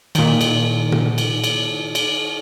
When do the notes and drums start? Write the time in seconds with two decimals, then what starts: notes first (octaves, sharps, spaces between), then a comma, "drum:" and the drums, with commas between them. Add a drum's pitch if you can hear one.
0.15 A#2 D#3, drum: cymbal
0.41 drum: cymbal
0.92 drum: tom A#2
1.18 drum: cymbal
1.44 drum: cymbal
1.95 drum: cymbal